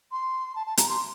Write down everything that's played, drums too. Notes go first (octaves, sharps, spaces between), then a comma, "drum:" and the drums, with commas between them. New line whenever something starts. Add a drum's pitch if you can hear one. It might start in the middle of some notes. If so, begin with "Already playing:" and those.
C6
A5
A5
A#5, drum: hi-hat
C6